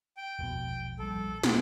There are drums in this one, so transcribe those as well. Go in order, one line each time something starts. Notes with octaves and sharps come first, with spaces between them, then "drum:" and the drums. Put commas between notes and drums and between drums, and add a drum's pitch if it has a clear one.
G5
E1 A#1 B2
A#1 G3 A4
B2, drum: snare